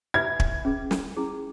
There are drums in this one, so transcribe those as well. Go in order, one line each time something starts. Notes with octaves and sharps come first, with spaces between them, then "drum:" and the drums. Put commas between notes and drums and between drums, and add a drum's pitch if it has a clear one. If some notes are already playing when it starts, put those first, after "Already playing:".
E4 B4 E5 G#5 B5 G#6
drum: kick
C#4 G#4 B4
drum: snare
C#4 E4 G#4